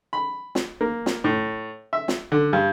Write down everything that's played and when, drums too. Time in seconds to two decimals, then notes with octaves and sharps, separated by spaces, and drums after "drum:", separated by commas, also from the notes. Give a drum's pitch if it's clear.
0.13 B5
0.55 drum: snare
0.81 A#3
1.06 drum: snare
1.24 A2
1.93 E5
2.08 drum: snare
2.32 D3
2.53 G2